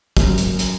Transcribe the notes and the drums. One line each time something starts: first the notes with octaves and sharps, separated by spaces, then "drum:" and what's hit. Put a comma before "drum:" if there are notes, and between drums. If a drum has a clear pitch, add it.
F#2, drum: kick, hi-hat
drum: hi-hat
drum: hi-hat